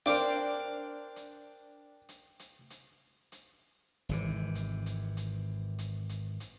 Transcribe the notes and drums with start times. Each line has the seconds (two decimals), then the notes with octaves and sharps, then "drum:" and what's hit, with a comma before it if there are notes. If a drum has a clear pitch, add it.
0.06 D4 A#4 C5 F5 G5 D6
1.16 drum: hi-hat
2.09 drum: hi-hat
2.39 drum: hi-hat
2.70 drum: hi-hat
3.32 drum: hi-hat
4.09 G#1 C3 E3
4.55 drum: hi-hat
4.86 drum: hi-hat
5.17 drum: hi-hat
5.79 drum: hi-hat
6.09 drum: hi-hat
6.40 drum: hi-hat